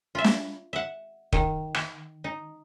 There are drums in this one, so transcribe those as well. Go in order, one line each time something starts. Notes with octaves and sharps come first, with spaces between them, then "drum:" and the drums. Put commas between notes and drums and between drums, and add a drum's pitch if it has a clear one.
F4 E5
drum: snare
E5 F#5
D#3, drum: kick
drum: rim click
D#4